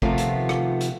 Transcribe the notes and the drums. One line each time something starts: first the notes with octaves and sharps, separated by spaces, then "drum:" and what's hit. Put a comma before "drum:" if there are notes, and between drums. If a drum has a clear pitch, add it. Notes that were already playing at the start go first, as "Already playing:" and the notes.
C3 D#3 F3 A3 B3 F4, drum: kick
drum: hi-hat
drum: rim click
drum: hi-hat